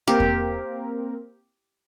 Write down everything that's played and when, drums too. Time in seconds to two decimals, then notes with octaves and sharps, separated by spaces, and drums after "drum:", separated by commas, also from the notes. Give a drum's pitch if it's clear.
0.08 A#3 C4 G4 A#4
0.20 drum: kick E2